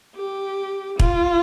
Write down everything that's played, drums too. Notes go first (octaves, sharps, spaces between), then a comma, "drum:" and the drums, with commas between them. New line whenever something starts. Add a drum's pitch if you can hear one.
G4
F4, drum: kick